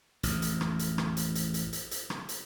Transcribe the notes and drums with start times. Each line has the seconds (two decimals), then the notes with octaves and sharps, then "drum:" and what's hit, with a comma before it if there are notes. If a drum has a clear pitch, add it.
0.23 A1 F2, drum: hi-hat
0.42 drum: hi-hat
0.61 drum: rim click
0.79 drum: hi-hat
0.98 drum: rim click
1.17 drum: hi-hat
1.35 drum: hi-hat
1.54 drum: hi-hat
1.73 drum: hi-hat
1.91 drum: hi-hat
2.10 drum: rim click
2.29 drum: hi-hat